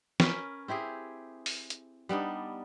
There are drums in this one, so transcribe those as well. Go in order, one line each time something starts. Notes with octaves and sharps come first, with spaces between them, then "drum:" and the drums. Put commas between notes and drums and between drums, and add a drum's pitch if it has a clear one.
C#4 A#4 B4, drum: snare
C4 E4 G4 G#4
drum: open hi-hat
drum: hi-hat
G3 B3 D4 D#4